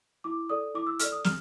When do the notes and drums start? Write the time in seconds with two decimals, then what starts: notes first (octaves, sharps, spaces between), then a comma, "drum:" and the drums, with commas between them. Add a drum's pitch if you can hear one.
0.24 E4 D6
0.49 A4 D5 D#6
0.74 E4 D6
0.87 E6
0.99 A4 D5 F6, drum: hi-hat
1.12 D#6
1.24 G4 F6, drum: snare